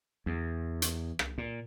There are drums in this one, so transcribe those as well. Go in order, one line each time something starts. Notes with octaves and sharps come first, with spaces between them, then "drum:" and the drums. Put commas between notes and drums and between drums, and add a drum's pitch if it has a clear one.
E2
drum: hi-hat
drum: rim click
A#2